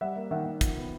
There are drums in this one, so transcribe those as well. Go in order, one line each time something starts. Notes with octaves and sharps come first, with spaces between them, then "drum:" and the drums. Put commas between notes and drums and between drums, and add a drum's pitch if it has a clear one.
G3 E5 F#5
A#3
D#3 E5 F#5
D#3
F3, drum: kick, hi-hat
B3